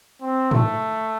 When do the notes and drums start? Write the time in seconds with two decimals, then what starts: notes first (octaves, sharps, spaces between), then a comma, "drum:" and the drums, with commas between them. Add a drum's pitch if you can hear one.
0.22 C4
0.51 A3, drum: tom G#2